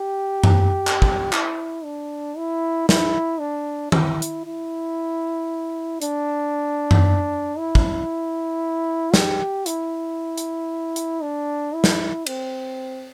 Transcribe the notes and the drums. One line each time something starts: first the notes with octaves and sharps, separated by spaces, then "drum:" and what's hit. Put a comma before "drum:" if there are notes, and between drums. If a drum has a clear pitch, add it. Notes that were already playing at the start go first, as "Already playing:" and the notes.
Already playing: G4
drum: tom F#2
drum: clap
drum: kick
E4, drum: clap
D4
E4
E4, drum: snare
D4
E4, drum: tom D#3
drum: hi-hat
E4
D4, drum: hi-hat
drum: tom F#2
E4
drum: kick
G4, drum: snare
E4, drum: hi-hat
drum: hi-hat
drum: hi-hat
D4
E4
drum: snare
C4, drum: cymbal